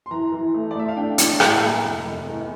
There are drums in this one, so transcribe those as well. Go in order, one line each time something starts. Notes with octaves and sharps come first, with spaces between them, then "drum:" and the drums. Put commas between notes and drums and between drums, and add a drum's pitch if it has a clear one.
C6
E3 A#5
E3
A3
D5
A3 E5
F5
D4 G5
D4, drum: hi-hat
A2 A5, drum: rim click
A#3 A#5
F1
F1
E2